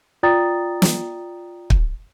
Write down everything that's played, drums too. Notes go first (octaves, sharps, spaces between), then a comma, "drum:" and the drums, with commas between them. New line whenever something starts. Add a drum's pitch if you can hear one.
F4 D5 G5 A#5 D#6 A6
drum: snare
drum: kick